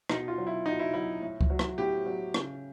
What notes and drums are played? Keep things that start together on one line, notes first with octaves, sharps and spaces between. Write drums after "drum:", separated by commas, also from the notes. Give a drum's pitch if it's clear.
B2 D#4, drum: rim click
F4
F#3
E4
B2 D#4
E4
F#3 E4
A2
drum: kick C#2
F#3
drum: rim click
A2 G4
F#3
C#3, drum: rim click